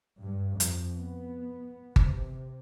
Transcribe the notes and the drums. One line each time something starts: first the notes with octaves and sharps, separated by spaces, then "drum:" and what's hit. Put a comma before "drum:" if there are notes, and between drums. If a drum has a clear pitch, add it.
G2
F2, drum: hi-hat
B3
C3, drum: kick G1